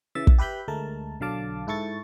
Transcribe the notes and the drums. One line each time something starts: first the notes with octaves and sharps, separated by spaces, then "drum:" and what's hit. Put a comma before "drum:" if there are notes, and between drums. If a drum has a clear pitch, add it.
C#3 E3 E5 A6
drum: kick
G4 B4 E5 B5 G6
D2 G#3 A3 A#4 A5
B1 D3 F#3 F5 A5 D6
G#2 E4 A4 C#6 A6